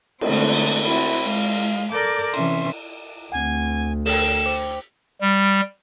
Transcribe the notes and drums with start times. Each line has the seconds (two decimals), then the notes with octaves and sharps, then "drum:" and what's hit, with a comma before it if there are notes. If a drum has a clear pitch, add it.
0.21 D3 G#3 A3 B3 C4, drum: cymbal
0.84 C4 E4 F#4
1.23 G#3 F5
1.91 A4 A#4 D5 D6 G6
2.34 C3 E3 C#4 E5 C6, drum: cymbal
3.32 D2 C4 F#5 G#5
4.06 A4 A#4 G5 E7, drum: open hi-hat
4.46 C5 G5 D6
5.21 G3